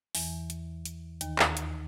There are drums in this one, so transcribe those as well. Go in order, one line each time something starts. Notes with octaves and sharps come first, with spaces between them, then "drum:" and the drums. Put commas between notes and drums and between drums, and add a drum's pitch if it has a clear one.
E2 E3, drum: open hi-hat
drum: hi-hat
drum: hi-hat
D#2 D#3, drum: hi-hat
drum: clap
drum: hi-hat